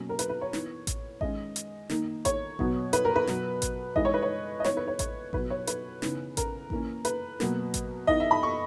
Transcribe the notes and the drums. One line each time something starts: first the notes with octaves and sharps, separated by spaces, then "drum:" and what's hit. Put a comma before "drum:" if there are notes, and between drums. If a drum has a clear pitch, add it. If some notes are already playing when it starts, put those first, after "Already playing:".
Already playing: B2 F#3 A#3 C#4
A#4
B4, drum: hi-hat
B4
C#5
E3 B3 D#4, drum: snare
drum: kick A1, hi-hat
D#3 G#3 C#4 D#5, drum: kick A1
drum: hi-hat
D#3 A#3 D#4, drum: snare
C#5, drum: kick A1, hi-hat
B2 F#3 B3, drum: kick A1
B4, drum: hi-hat
A#4
B4
B2 F#3 B3, drum: snare
drum: kick A1, hi-hat
E3 G#3 D#4 D#5, drum: kick A1
C#5
B4
C#5
D#5
E3 B3 D#4 C#5, drum: snare
B4
C#5
C#5, drum: kick A1, hi-hat
B2 F#3 B3 B4, drum: kick A1
C#5
B4, drum: hi-hat
C#3 E3 B3 D#4, drum: snare
A#4, drum: kick A1, hi-hat
E3 A#3 C#4, drum: kick A1
B4, drum: hi-hat
B2 F#3 A#3, drum: snare
drum: kick A1, hi-hat
E3 B3 D#4 D#5, drum: kick A1
E5
B5
C#6